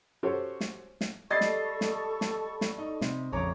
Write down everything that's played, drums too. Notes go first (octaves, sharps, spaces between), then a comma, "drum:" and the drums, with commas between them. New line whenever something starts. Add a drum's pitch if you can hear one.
C#4 F#4 G4 A4 C5 C#5
drum: snare
drum: snare
G3 A4 D#5 E5 C#6 A6 C7
drum: snare
drum: snare
drum: snare
drum: snare
D#4
C3, drum: snare
A#1 F2 C#3 C#5 A#5 D6